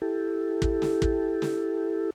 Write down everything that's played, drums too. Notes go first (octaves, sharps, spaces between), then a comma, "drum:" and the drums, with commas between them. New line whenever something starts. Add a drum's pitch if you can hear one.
E4 G4 A4
drum: kick
drum: snare
drum: kick
drum: snare